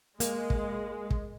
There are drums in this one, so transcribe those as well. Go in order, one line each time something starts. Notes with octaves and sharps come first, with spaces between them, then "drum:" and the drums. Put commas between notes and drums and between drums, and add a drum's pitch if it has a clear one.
G#3 A#3, drum: hi-hat
drum: kick
drum: kick